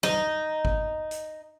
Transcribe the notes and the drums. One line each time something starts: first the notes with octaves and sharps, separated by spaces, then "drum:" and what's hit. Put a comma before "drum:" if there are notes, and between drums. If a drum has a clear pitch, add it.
D#4, drum: snare
drum: kick G1
drum: hi-hat